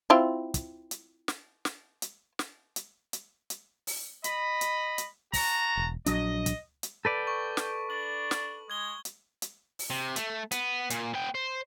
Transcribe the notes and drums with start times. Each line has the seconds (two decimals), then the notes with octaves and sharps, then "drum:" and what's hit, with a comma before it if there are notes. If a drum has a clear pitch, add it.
0.10 C4 E4 F4
0.54 drum: kick, hi-hat
0.91 drum: hi-hat
1.28 drum: snare
1.65 drum: snare
2.02 drum: hi-hat
2.39 drum: snare
2.76 drum: hi-hat
3.13 drum: hi-hat
3.50 drum: hi-hat
3.87 drum: open hi-hat
4.24 D#5 B5, drum: hi-hat
4.61 drum: hi-hat
4.98 drum: hi-hat
5.33 F#4 A5 A#5, drum: kick, open hi-hat
5.77 E1
6.06 A#1 F#3 D4 D#5, drum: hi-hat
6.46 drum: kick, hi-hat
6.83 drum: hi-hat
7.05 A4 B4 D5 G5
7.27 C#6
7.57 drum: snare
7.90 D4 F#7
8.31 drum: snare
8.70 G#3 G#6 G7
9.05 drum: hi-hat
9.42 drum: hi-hat
9.79 drum: open hi-hat
9.90 C3
10.16 A3, drum: hi-hat
10.51 B3, drum: hi-hat
10.90 A#2, drum: hi-hat
11.14 B3 G5
11.35 C5